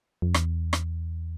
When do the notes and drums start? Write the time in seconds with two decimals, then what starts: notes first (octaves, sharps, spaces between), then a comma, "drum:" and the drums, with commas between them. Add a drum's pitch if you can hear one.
0.22 F2
0.34 E2, drum: rim click
0.73 drum: rim click